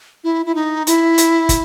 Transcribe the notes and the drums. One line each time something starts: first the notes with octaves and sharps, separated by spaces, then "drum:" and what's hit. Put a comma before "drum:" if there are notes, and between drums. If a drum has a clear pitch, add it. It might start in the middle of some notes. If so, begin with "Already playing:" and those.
E4
E4
D#4
E4, drum: hi-hat
drum: hi-hat
drum: kick, hi-hat